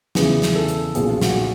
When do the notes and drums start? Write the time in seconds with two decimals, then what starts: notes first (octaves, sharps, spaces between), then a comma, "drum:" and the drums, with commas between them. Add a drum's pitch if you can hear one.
0.15 E2 C#3 E3 G#4, drum: snare
0.42 drum: snare
0.55 A4
0.69 drum: hi-hat
0.95 B1 A#2 F3 G#4, drum: hi-hat
1.21 F#4, drum: snare